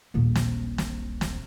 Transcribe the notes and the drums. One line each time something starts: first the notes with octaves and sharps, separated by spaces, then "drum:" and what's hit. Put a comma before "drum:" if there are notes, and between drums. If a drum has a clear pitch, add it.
D#1 A#1
drum: snare
drum: snare
drum: snare